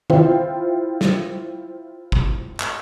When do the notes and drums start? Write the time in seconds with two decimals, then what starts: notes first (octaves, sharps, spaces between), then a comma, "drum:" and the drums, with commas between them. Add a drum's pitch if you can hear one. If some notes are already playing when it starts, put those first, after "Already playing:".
0.10 E4 F4 C5 G5, drum: tom D#3
1.01 drum: snare
2.12 drum: kick
2.60 drum: clap